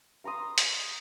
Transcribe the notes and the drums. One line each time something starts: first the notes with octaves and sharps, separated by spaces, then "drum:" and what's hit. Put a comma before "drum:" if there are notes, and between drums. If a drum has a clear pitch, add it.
F5 A#5 C6 D#6
drum: hi-hat